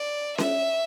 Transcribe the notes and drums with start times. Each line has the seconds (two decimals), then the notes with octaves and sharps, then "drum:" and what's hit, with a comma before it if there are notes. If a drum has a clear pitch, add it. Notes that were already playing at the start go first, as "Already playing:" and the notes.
Already playing: D5
0.38 E5, drum: snare C#4